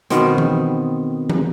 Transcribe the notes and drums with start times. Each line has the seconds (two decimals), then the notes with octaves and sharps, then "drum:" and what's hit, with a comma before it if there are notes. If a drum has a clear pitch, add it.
0.10 B2 D#3 B3 C4, drum: hi-hat
0.38 drum: tom E3
1.30 drum: tom E3